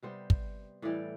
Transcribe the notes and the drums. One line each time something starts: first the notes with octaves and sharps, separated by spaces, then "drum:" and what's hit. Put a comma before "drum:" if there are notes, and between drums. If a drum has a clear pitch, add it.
C3 G3 B3 C5
drum: kick
A2 E3 G3 D5